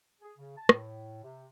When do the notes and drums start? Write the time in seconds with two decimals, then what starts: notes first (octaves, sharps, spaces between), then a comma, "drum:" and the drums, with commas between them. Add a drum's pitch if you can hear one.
0.22 G#4
0.38 C#3
0.57 A5
0.69 A2, drum: rim click
1.23 C3